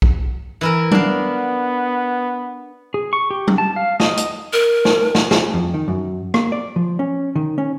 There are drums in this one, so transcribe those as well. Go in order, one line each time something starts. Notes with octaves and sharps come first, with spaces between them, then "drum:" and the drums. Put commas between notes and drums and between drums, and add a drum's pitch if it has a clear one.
drum: kick B1
E3 E4 A#4
B3 D4 F5, drum: tom F#3
G#4
C#6
G4
drum: tom F#3
A5
F5
D#5, drum: snare
drum: hi-hat
A#4
drum: snare
drum: snare
G#4, drum: snare
F2
D#3
F#2
A#3, drum: rim click
D5
F3
C#4
D#3
C#4